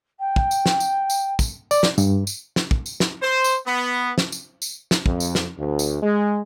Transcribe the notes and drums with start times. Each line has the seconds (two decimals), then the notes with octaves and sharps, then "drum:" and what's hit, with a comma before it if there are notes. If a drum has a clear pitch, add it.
0.19 G5
0.36 drum: kick
0.51 drum: tambourine
0.66 drum: snare
0.80 drum: tambourine
1.10 drum: tambourine
1.39 drum: kick, tambourine
1.71 D5, drum: tambourine
1.83 drum: snare
1.98 G2, drum: tambourine
2.27 drum: tambourine
2.56 drum: snare
2.71 drum: kick
2.86 drum: tambourine
3.00 drum: snare
3.22 C5
3.44 drum: tambourine
3.67 B3
4.18 drum: snare
4.32 drum: tambourine
4.62 drum: tambourine
4.91 drum: snare
5.06 F2, drum: kick
5.20 drum: tambourine
5.35 drum: snare
5.58 D2
5.79 drum: tambourine
6.03 G#3